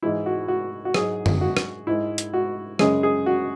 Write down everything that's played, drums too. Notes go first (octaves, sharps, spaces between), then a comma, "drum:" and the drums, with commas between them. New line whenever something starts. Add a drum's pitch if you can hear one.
G#2 E3 G#3 E4
F#4
F#4
F#4
G#2 F#3 G#4, drum: rim click
drum: tom
F#4
drum: rim click
G#2 G#3 E4
drum: hi-hat
F#4
F#2 C#3 G#3 G#4, drum: rim click
G#4
F#4